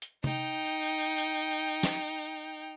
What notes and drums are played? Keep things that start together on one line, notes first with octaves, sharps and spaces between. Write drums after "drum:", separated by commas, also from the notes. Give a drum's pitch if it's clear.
drum: hi-hat
D#4 G5, drum: tom C3
drum: hi-hat
drum: snare